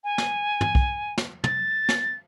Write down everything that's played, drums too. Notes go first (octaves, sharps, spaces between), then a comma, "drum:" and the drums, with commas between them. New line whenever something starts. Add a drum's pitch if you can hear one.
G#5
drum: snare
drum: tom
drum: kick B1
drum: snare
A6, drum: tom
drum: snare